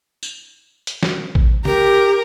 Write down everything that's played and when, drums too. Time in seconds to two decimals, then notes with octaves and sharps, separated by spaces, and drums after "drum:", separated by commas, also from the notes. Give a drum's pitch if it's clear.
0.23 drum: tambourine
0.87 drum: hi-hat
1.03 drum: snare
1.35 drum: kick A1
1.65 G4 A#4, drum: tom C#3